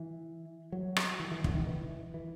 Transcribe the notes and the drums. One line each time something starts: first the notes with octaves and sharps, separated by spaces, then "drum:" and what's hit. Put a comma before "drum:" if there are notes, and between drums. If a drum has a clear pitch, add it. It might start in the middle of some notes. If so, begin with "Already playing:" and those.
Already playing: E3
F#3
drum: rim click
E3
E3
D3, drum: kick
D#3
E3
E3